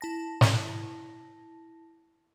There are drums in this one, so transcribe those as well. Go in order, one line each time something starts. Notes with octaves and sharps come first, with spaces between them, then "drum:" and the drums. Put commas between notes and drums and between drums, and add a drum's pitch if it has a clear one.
E4 A5 A#6
drum: snare